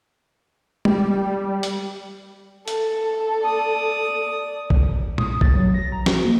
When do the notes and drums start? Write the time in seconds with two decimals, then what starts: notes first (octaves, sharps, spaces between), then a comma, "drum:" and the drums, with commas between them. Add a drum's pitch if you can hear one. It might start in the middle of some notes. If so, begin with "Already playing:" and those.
0.85 G3, drum: tom
1.63 drum: hi-hat
2.68 A4, drum: hi-hat
3.42 D5 D#6
4.70 drum: kick B1
5.18 D#6, drum: tom A#2
5.41 A6, drum: kick B1
5.56 F#3
5.74 A#6
5.92 A#5
6.06 F#4, drum: snare
6.25 A#3